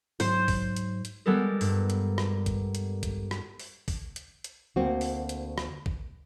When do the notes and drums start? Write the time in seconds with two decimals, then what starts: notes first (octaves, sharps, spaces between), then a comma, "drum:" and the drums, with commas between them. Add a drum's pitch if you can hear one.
0.20 G#2 F#3 D#4 C5, drum: open hi-hat
0.48 drum: kick, open hi-hat
0.76 drum: hi-hat
1.05 drum: hi-hat
1.26 G3 G#3 B3 A4 A#4
1.61 G2, drum: open hi-hat
1.90 drum: hi-hat
2.18 drum: rim click
2.46 drum: kick, hi-hat
2.75 drum: hi-hat
3.03 drum: kick, hi-hat
3.31 drum: rim click
3.59 drum: open hi-hat
3.88 drum: kick, open hi-hat
4.16 drum: hi-hat
4.44 drum: hi-hat
4.76 D2 A#3 C4 F#4
5.01 drum: open hi-hat
5.29 drum: hi-hat
5.58 drum: rim click
5.86 drum: kick